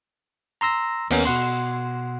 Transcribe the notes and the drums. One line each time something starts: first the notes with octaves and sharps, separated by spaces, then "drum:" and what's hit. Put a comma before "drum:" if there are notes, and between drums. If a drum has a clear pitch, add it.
A#5 C6 E6 A#6
D#2 B3 C#4 A#4, drum: cymbal
B2 F#5 C6